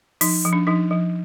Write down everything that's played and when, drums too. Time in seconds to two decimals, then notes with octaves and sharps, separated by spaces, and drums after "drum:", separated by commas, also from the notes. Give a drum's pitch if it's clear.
0.21 F3 D#4, drum: open hi-hat
0.45 F3
0.53 D4
0.67 F3 D#4
0.91 F3